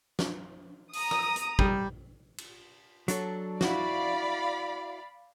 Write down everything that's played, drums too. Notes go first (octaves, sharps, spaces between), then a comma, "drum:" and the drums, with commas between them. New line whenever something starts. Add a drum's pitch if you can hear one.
drum: snare
A#5 D#6, drum: open hi-hat
drum: rim click
drum: hi-hat
G3, drum: kick
drum: cymbal
F#3 D4 A4, drum: hi-hat
E4 F#4 D5 F5 B5, drum: snare